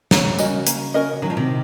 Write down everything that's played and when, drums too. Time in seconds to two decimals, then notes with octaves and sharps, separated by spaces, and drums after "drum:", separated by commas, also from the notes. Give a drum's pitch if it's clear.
0.11 C#3 A#3, drum: snare
0.39 C#4 F#4 A#4 D#5, drum: tambourine
0.67 A#3, drum: hi-hat
0.94 C#4 F#4 A#4 D#5
1.22 D#3 F#3
1.30 F3
1.37 C3 D#3